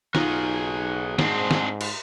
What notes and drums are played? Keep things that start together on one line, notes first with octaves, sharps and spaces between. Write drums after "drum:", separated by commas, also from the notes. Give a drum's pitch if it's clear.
B1 D#4 F4 F#4 G#4 A#5, drum: snare
G#2 C4 D4, drum: snare
drum: snare
drum: cymbal